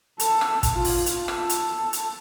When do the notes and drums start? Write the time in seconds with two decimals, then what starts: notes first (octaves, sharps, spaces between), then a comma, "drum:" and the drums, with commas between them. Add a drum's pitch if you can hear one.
0.20 A4, drum: hi-hat
0.41 drum: rim click
0.63 drum: kick, hi-hat
0.73 F4
0.85 drum: open hi-hat
1.06 drum: hi-hat
1.28 A4, drum: rim click
1.49 drum: hi-hat
1.93 drum: hi-hat